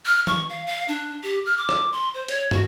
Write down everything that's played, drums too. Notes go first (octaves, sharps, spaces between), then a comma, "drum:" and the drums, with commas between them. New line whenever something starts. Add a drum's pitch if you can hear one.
F6
C#6, drum: tom E3
F5
F5
D4
G4
F6
D6
drum: rim click
C6
C5
C#5, drum: hi-hat
F#4, drum: tom